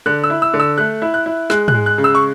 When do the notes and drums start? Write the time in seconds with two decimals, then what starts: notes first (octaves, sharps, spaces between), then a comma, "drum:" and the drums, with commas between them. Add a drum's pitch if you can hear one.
0.06 D3 F#6
0.24 E6
0.30 E4
0.42 E6
0.54 D3
0.60 E6
0.78 A3 F#6
1.02 E4
1.14 F#6
1.26 E4
1.50 G#3 F#6, drum: snare
1.68 F#6, drum: tom
1.74 G#3
1.86 F#6
1.98 C#3
2.04 E6
2.15 C#6